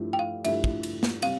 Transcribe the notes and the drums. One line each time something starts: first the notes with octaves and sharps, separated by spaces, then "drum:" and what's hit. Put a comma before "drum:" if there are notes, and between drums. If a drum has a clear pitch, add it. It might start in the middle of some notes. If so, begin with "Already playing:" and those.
Already playing: G2 F3 A3 E4 G4
G5
F5
G2 F3 A3 E4 G4 E5, drum: cymbal
drum: kick
drum: cymbal
drum: snare
C3 G3 C4 F5, drum: cymbal